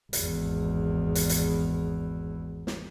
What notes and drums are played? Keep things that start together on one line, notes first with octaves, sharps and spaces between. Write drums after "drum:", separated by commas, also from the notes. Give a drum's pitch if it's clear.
G#1 E2, drum: hi-hat
drum: hi-hat
drum: hi-hat
drum: snare